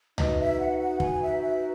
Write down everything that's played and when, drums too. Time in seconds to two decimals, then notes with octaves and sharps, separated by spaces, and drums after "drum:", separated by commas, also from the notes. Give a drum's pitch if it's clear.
0.18 D#4 F#4 B4 D#5, drum: tom C#2
0.39 E5
0.59 F#5
0.80 F#5
1.00 G#5, drum: kick
1.21 E5
1.42 E5